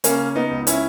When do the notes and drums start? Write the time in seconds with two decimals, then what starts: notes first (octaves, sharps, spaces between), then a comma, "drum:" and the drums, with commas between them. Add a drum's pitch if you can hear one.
0.04 C#3 A#3 C#4, drum: hi-hat
0.35 B3 D#4
0.51 C#2
0.67 C#4 E4, drum: hi-hat